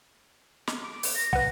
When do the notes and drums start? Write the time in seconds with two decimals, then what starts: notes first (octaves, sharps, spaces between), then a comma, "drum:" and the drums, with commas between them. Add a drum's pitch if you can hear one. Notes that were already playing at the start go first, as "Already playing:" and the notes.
0.67 drum: snare
0.82 D6
1.03 drum: open hi-hat
1.14 A#6
1.33 B4 F#5, drum: kick